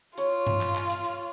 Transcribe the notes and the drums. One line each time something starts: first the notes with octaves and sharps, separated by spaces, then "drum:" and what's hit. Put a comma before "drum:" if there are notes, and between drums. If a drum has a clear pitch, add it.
F4 C#5, drum: hi-hat
drum: tom G2
drum: clap
drum: clap
drum: hi-hat
drum: hi-hat